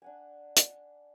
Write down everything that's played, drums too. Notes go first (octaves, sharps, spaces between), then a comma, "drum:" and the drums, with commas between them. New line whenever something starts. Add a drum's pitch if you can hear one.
D4 F#5 G#5
drum: hi-hat